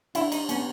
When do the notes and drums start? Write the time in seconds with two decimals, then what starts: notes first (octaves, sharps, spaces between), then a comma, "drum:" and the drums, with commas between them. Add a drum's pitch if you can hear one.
0.15 D4 E4, drum: cymbal
0.32 D#4, drum: cymbal
0.49 B3 C#4, drum: cymbal